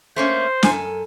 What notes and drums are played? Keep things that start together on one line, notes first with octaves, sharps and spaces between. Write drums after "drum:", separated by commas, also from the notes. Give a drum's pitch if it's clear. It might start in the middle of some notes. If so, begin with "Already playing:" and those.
A3 A#3 C#4 C5
F#2 A4 G#5, drum: snare